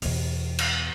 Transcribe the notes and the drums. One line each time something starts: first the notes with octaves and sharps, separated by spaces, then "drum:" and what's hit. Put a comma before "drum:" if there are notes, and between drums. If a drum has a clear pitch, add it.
E2 B2, drum: open hi-hat
drum: cymbal